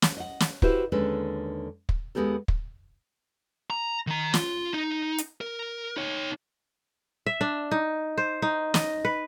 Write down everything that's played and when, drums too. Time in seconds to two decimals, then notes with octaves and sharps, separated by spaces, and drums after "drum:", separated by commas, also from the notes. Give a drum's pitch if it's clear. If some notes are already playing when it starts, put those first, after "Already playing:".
0.02 drum: snare
0.17 D#5 F#5
0.40 drum: snare
0.62 E4 F#4 G4 B4 C5 E5, drum: kick
0.92 D#2 D3 G#3 C#4 A4 B4
1.89 drum: kick
2.15 D#2 A#2 G#3 B3 G4 A4
2.48 drum: kick
3.70 A#5
4.07 D#3 A#5
4.34 F4, drum: snare
4.74 D#4
5.18 drum: hi-hat
5.41 A#4
5.97 D#4 C#5
7.26 E5
7.41 D4
7.71 D#4
8.18 C5
8.42 D#4
8.74 D#5, drum: snare
9.05 B4